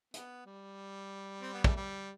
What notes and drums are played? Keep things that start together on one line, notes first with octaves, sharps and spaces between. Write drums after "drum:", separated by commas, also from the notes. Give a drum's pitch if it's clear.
B3, drum: hi-hat
G3
C4
B3
A3, drum: kick
G3